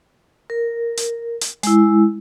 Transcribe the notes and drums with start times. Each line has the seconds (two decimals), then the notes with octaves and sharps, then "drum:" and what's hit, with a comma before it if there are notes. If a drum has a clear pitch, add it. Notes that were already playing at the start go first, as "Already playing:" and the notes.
0.50 A#4
0.97 drum: hi-hat
1.41 drum: hi-hat
1.63 G#3 E4, drum: hi-hat